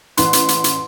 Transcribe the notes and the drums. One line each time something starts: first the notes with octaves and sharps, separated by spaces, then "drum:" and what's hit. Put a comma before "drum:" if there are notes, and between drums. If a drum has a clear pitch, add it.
A1 B4 C6 F#6, drum: hi-hat
drum: hi-hat
drum: hi-hat
drum: hi-hat